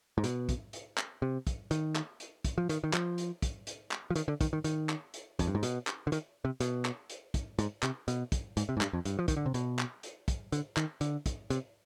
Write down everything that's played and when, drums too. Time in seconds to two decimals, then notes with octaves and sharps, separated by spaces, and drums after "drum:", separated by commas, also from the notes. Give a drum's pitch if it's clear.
0.18 G#2
0.24 B2, drum: hi-hat
0.49 drum: kick, hi-hat
0.73 drum: hi-hat
0.98 drum: clap
1.22 C3
1.47 drum: kick, hi-hat
1.71 D#3, drum: hi-hat
1.96 drum: clap
2.20 drum: hi-hat
2.45 drum: kick, hi-hat
2.58 F3
2.69 D#3, drum: hi-hat
2.84 D#3
2.93 F3, drum: clap
3.18 drum: hi-hat
3.42 drum: kick, hi-hat
3.67 drum: hi-hat
3.91 drum: clap
4.10 F3
4.16 D#3, drum: hi-hat
4.28 D3
4.41 D#3, drum: kick, hi-hat
4.53 D#3
4.64 D#3, drum: hi-hat
4.89 drum: clap
5.14 drum: hi-hat
5.39 F2, drum: kick, hi-hat
5.47 G2
5.55 G#2
5.63 B2, drum: hi-hat
5.87 drum: clap
6.07 D3
6.12 D#3, drum: hi-hat
6.45 C3
6.60 B2, drum: hi-hat
6.85 drum: clap
7.10 drum: hi-hat
7.34 drum: kick, hi-hat
7.59 G#2, drum: hi-hat
7.83 C3, drum: clap
8.08 B2, drum: hi-hat
8.32 drum: kick, hi-hat
8.57 G#2, drum: hi-hat
8.69 C3
8.77 G#2
8.81 G2, drum: clap
8.93 F2
9.05 G2, drum: hi-hat
9.19 F3
9.28 D#3, drum: kick, hi-hat
9.36 D3
9.46 C3
9.54 B2, drum: hi-hat
9.79 drum: clap
10.03 drum: hi-hat
10.28 drum: kick, hi-hat
10.52 D3, drum: hi-hat
10.77 D#3, drum: clap
11.01 D3, drum: hi-hat
11.26 drum: kick, hi-hat
11.50 C3, drum: hi-hat